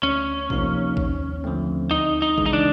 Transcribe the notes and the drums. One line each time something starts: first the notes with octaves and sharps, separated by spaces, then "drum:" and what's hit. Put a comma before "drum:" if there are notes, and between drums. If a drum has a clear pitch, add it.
D2 C#4
C3 F3 A#3 D#4, drum: kick A1
D#2, drum: kick A1
D3 F3 A3 C4
D2 D#4
D#4
C#3 E3 G#3, drum: kick A1
D#4
D4